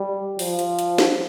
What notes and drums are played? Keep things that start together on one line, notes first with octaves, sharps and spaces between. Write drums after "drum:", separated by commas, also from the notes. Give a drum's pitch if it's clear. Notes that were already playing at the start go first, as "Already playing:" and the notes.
Already playing: G3
F3, drum: open hi-hat
drum: hi-hat
drum: hi-hat
drum: snare